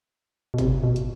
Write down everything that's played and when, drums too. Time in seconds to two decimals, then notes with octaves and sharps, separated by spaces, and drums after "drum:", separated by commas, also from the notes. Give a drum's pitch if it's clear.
0.54 B2
0.58 C3, drum: kick G1, hi-hat
0.83 B2
0.96 drum: hi-hat